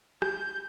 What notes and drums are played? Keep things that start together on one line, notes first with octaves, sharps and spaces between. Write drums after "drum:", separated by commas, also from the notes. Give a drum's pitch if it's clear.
G6, drum: rim click